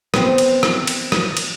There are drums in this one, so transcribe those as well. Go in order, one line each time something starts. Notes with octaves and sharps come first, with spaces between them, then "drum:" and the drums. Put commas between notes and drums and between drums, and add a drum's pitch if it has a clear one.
B3 C4, drum: rim click
drum: cymbal
drum: rim click
drum: cymbal
drum: rim click
drum: cymbal